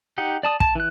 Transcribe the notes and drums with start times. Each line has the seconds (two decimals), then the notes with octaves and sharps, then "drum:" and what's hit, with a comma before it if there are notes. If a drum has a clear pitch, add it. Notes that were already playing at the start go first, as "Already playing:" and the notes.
0.18 D#4 G4 F#5
0.43 D5 A5 D#6
0.60 A5, drum: kick
0.75 E3 F#6